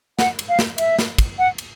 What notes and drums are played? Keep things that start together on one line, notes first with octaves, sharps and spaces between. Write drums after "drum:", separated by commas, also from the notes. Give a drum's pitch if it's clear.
F#5, drum: snare
drum: cymbal
F5
drum: snare
E5, drum: cymbal
drum: snare
drum: kick, cymbal
F#5
drum: cymbal